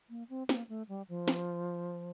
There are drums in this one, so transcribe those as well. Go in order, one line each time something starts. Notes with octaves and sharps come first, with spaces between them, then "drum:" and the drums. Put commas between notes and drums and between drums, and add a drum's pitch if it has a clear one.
A#3
C4
A#3, drum: snare
A3
G3
F3
drum: snare